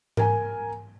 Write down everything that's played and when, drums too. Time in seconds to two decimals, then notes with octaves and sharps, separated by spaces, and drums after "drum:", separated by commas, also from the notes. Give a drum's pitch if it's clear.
0.17 A#4 G#5, drum: tom G#2